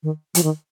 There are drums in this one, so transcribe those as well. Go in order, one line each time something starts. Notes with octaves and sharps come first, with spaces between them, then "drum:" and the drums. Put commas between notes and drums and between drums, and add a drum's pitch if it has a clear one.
D#3
F3, drum: hi-hat
D#3